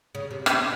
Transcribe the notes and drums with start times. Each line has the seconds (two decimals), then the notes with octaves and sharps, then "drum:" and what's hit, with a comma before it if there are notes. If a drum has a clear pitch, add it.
0.15 C#3
0.31 C3
0.46 C3, drum: rim click